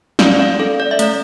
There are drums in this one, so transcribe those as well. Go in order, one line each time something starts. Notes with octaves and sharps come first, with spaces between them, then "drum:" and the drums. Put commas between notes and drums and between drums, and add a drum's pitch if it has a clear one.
C#4 D5 F5, drum: snare
D5 F5
A4
D5
E5
A3 D5, drum: hi-hat